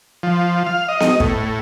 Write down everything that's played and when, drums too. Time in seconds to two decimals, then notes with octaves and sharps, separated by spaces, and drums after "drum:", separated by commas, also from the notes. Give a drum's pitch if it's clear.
0.23 F3
0.66 F5
0.89 D#5
1.00 drum: snare B3
1.20 A2, drum: kick